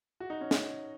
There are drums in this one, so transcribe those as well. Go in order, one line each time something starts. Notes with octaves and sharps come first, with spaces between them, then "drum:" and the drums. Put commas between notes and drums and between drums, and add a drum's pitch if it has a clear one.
F#4
D#4
C#4
D#4, drum: snare